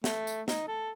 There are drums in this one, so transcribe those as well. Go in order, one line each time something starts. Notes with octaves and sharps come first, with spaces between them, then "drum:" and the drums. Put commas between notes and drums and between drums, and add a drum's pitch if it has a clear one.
A3, drum: snare
drum: tambourine
D#4, drum: snare
A4